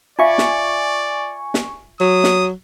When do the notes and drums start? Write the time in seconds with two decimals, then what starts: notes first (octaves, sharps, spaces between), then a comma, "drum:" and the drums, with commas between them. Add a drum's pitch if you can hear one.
0.19 F4 D5 E5 F5 G#5 C#6
0.38 drum: snare
1.54 drum: snare
2.01 F#3 D#6
2.24 drum: snare